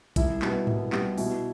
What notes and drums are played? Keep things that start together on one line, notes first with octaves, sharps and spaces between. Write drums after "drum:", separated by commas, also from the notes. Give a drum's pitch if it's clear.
C2 E4, drum: kick A#1, hi-hat
B2 G3 B3, drum: clap
C2, drum: tom G#2
B2 G3 B3, drum: clap
B2 E4, drum: open hi-hat